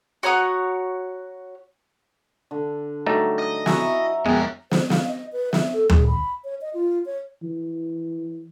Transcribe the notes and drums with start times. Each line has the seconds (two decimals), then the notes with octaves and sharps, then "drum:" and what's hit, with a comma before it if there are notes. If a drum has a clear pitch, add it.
0.23 F#4 C#5 A#5 D#6
2.51 D3
3.06 F#3 G3 A3 D#4
3.39 D#5
3.66 E4 F#4 E5 G#5 A#5 C#6, drum: snare
4.26 F2 B2 G#3 B3 A#4 G5
4.71 C5, drum: snare
4.90 F5, drum: snare
5.08 D#5
5.33 B4
5.53 E5, drum: snare
5.73 A4
5.90 G#4, drum: tom D2
6.07 B5
6.44 C#5
6.61 D#5
6.74 F4
7.06 C#5
7.43 E3